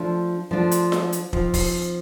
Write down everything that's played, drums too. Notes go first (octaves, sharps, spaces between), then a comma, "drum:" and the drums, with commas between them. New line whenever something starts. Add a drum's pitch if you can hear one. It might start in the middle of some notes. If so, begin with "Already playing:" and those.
Already playing: F3 A3 D4 F4
F3 A3 D4 F4
drum: hi-hat
drum: snare F4
drum: hi-hat
F3 C4 D#4, drum: kick
drum: kick, open hi-hat